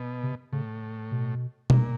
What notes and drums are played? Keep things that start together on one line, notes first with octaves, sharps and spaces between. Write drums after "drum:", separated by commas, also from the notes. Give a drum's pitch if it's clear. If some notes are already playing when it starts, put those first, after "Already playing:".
Already playing: B2
C3
A2 C#3
B2
A#2, drum: tom B2